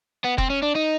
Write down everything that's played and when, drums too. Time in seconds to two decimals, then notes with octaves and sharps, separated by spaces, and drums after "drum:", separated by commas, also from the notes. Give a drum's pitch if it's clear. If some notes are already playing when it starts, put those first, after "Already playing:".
0.24 B3
0.38 C4, drum: kick F1
0.50 C#4
0.63 D4
0.76 D#4